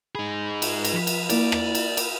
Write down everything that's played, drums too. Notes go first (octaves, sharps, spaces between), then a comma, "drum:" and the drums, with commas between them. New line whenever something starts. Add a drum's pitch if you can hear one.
D#4 G#4 B5
drum: cymbal
drum: cymbal
F3 B6
drum: cymbal
A#3 E4 A#4 D5, drum: cymbal
drum: rim click
drum: cymbal
drum: cymbal